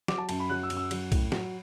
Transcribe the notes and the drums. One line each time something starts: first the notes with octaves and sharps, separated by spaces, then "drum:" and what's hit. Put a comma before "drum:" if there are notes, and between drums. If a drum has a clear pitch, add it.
F#3 D6, drum: snare
A5
F#2 A5, drum: cymbal
B5
F#3 F#6
E6
F#2, drum: cymbal
E6
F#3, drum: cymbal
A2, drum: kick B1, cymbal
F#3, drum: snare